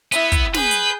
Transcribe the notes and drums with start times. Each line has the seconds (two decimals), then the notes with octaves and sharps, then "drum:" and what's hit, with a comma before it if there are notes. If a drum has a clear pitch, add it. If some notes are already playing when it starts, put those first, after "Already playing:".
0.12 B3 E4 E5, drum: hi-hat
0.32 drum: kick, hi-hat
0.54 G#4 B4 G6, drum: snare
0.71 drum: hi-hat